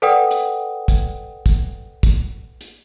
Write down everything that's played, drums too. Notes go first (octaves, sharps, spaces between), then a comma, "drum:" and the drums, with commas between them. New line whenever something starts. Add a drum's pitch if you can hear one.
A4 B4 D5 F#5 G5 D#6
drum: hi-hat
drum: kick, hi-hat
drum: kick, hi-hat
drum: kick, hi-hat
drum: hi-hat